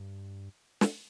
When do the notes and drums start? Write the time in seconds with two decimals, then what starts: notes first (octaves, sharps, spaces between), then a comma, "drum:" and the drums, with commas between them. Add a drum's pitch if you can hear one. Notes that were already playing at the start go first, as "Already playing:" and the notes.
Already playing: G2
0.81 drum: snare